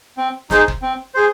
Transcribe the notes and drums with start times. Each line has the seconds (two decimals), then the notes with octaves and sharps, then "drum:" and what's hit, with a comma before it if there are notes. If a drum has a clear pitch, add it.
0.17 C4
0.50 D#4 G#4 C5, drum: snare
0.68 drum: kick
0.82 C4
1.14 G#4 C5